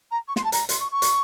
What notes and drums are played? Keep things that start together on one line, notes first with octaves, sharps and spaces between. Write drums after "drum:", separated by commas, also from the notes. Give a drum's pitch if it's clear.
A#5
C#6
C6, drum: snare
A5
A#5, drum: hi-hat
C6, drum: hi-hat
C#6
C#6
drum: hi-hat